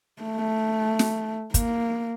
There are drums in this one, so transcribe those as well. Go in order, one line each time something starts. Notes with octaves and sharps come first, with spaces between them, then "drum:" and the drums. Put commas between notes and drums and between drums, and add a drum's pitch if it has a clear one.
A3
drum: snare
A#3, drum: kick, hi-hat